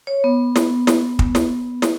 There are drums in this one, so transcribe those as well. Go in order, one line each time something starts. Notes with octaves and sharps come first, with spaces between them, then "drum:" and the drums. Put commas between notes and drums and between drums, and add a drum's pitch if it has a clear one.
C#5
B3
drum: snare
drum: snare
drum: kick
drum: snare
drum: snare